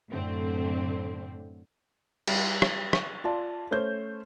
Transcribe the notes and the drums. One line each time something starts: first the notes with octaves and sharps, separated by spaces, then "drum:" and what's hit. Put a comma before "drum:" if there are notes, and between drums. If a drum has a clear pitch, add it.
F#2 A2 D3 A3 C4
G3, drum: cymbal
drum: rim click
C#6, drum: rim click
F4 D5 A5
A3 C#4 C5 G6